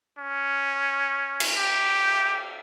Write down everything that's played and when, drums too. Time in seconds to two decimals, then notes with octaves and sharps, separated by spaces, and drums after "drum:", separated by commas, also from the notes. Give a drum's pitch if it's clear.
0.18 C#4
1.40 drum: cymbal
1.57 G4